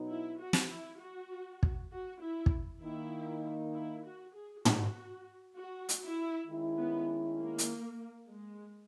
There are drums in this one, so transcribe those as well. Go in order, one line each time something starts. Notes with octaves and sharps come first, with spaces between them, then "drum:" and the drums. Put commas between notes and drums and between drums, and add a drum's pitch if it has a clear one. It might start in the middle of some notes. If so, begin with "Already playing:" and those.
Already playing: B2 F#3 B3 D#4
E4
F#4
drum: snare
E4
F#4
drum: kick
F#4
E4
drum: kick
D#3 A#3 D#4 E4
E4
F#4
G#4
F#4, drum: tom
F#4
drum: hi-hat
E4
D#3 G#3 C#4 E4
B3
A#3
drum: hi-hat
G#3